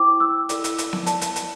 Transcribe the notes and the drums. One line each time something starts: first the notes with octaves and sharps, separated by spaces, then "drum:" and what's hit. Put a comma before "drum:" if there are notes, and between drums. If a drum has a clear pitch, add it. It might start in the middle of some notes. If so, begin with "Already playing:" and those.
Already playing: E4 C5 G5 D6
E6
E4 A4 D5, drum: hi-hat
drum: hi-hat
drum: hi-hat
drum: snare B3
D5 A5, drum: hi-hat
drum: hi-hat
drum: hi-hat